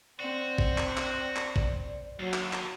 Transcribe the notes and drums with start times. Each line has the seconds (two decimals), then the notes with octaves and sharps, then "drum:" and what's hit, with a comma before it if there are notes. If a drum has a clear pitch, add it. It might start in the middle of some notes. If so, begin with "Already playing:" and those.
0.20 C4 F#4 D5
0.58 drum: kick A1
0.78 drum: clap
0.97 drum: clap
1.36 drum: clap
1.56 drum: kick A1
2.20 D#2 F#3
2.34 drum: clap
2.53 drum: clap